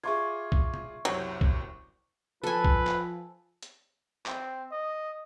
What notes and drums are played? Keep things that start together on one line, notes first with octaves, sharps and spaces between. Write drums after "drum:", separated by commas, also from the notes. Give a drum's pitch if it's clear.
F4 G#4 D5 E5 C6 C#6 G#6
drum: kick
drum: tom B2
F#1 C2 C3 F#3
drum: kick
F3 A4 B4 G#5
drum: kick
drum: clap
drum: hi-hat
C4, drum: clap
D#5